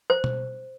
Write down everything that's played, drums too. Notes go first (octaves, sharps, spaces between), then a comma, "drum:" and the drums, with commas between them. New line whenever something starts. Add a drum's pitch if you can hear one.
C5
drum: tom B2